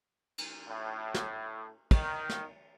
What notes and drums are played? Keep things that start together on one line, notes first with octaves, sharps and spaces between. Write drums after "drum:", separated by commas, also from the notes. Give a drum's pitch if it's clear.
drum: cymbal
A2
drum: snare
D#3, drum: kick, cymbal
drum: snare